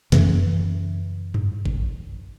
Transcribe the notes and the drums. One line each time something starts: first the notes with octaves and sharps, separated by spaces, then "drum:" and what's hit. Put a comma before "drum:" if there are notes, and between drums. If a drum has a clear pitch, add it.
F#2 C#3 E3, drum: snare
drum: tom F#2
drum: kick G1